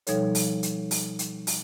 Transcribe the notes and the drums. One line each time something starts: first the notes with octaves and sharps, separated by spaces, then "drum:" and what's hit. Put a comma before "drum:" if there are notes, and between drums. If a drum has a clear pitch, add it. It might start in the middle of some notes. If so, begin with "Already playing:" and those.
B2 F3 G3 D#4 A4 C#5, drum: hi-hat
drum: open hi-hat
drum: hi-hat
drum: open hi-hat
drum: hi-hat
drum: open hi-hat